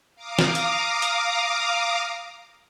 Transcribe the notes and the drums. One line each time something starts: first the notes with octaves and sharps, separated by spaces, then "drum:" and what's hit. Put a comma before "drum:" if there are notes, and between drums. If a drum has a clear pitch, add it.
F5 A#5 D6 D#6
drum: snare
drum: hi-hat
drum: hi-hat